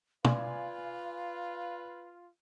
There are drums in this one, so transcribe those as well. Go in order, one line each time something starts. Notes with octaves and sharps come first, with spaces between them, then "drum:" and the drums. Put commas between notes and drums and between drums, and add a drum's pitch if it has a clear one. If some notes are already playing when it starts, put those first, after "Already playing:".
F4 B4 D5 F5 G#5, drum: tom